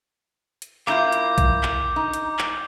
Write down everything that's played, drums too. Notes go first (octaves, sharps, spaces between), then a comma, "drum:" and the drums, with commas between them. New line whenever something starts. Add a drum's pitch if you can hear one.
drum: hi-hat
A#3 E4 F4 D6 G6, drum: clap
drum: hi-hat
drum: kick, hi-hat
drum: clap
D#4
drum: hi-hat
drum: clap